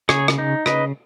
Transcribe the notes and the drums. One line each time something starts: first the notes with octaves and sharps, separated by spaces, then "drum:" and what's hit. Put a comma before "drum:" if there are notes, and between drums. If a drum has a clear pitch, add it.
C#3 G#4 C#5, drum: rim click
drum: rim click
D#4
C#3 B4 D#5, drum: rim click